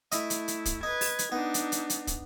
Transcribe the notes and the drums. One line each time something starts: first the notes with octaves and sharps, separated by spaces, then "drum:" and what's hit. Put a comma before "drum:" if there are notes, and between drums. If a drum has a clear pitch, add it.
A3 E4 D#5 E5 B5, drum: hi-hat
drum: hi-hat
drum: hi-hat
drum: kick, hi-hat
D#4 B4 G#6
drum: open hi-hat
drum: hi-hat
B3 D4 D#4
drum: hi-hat
drum: hi-hat
drum: hi-hat
drum: kick, hi-hat